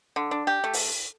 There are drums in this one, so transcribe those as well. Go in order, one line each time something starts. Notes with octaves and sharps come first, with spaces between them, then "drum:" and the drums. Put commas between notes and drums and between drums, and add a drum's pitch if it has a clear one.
D3
D4
G4
A3
drum: open hi-hat